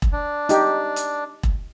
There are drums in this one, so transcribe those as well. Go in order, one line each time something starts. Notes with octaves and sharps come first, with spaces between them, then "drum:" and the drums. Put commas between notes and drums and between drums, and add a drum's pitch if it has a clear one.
drum: kick E1
D4
D#4 G4, drum: hi-hat
drum: hi-hat
drum: kick E1